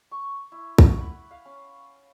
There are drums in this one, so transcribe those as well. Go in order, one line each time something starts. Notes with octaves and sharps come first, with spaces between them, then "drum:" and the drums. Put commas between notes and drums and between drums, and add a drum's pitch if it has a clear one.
C#6
E4
F#5, drum: kick
B5
F5
C#4